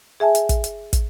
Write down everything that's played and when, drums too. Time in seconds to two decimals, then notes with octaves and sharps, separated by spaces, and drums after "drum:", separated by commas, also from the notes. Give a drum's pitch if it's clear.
0.20 G#4 E5 G#5 A5
0.35 drum: hi-hat
0.49 drum: kick, hi-hat
0.64 drum: hi-hat
0.93 drum: kick, hi-hat